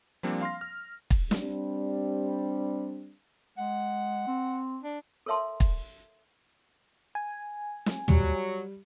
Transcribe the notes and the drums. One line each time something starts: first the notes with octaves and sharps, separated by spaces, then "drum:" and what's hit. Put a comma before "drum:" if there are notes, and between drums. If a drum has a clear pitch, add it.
F3 G3 A#3 C4 D4
F5 C6 F6 A#6
F6
drum: kick
G3 C4 D4, drum: snare
G#3 F#5
C4
D4
A4 A#4 C#5 E5 A5 C6
drum: kick
G#5
drum: snare
F#3 G3, drum: tom